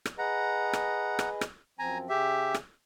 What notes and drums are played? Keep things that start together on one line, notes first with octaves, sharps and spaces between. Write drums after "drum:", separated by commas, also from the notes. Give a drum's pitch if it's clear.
drum: rim click
G#4 B4 D#5 F#5 A#5
drum: rim click
drum: rim click
drum: rim click
F#2 F3 C4 G#5 A#5
C#3 G4 G#4 E5
drum: rim click